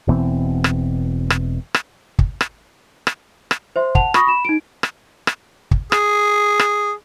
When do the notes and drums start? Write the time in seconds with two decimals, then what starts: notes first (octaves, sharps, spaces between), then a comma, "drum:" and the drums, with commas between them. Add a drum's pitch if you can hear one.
0.07 E1 B2 E3 C4
0.64 drum: rim click
1.30 drum: rim click
1.74 drum: rim click
2.19 drum: kick
2.41 drum: rim click
3.07 drum: rim click
3.51 drum: rim click
3.76 C5 E5 C6
3.95 F#5 A5 F7, drum: kick
4.14 B5 C#6 D#6 A#6, drum: rim click
4.27 B5 E7
4.45 D#4 D7
4.83 drum: rim click
5.27 drum: rim click
5.71 drum: kick
5.92 G#4, drum: rim click
6.59 drum: rim click